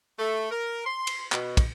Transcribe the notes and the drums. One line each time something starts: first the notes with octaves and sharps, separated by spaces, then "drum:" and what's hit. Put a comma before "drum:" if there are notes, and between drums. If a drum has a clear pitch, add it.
A3
A#4
C6
drum: cymbal
B2, drum: clap
drum: kick, cymbal